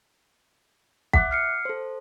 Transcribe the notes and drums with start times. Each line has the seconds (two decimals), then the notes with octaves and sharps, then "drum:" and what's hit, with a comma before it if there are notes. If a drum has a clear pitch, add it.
1.13 E5 F#5 D6 F#6, drum: kick
1.31 F6 C7 C#7
1.65 A4 C5